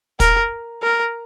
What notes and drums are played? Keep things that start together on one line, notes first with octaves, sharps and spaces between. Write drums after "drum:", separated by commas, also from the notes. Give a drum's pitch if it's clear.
A#4, drum: kick, hi-hat
A#4